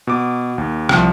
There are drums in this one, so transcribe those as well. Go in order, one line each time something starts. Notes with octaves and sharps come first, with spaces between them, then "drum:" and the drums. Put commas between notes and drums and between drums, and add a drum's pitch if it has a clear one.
B2 D6
D#2
C2 F3, drum: rim click